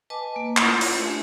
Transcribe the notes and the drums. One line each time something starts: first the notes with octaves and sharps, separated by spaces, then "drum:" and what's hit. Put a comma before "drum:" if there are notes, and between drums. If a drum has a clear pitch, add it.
B4 D#5 G#5 A5 D6
A#3
A3 C#4 E4 F4 A#4, drum: clap
drum: open hi-hat
A3 D4 G4 E5 G#5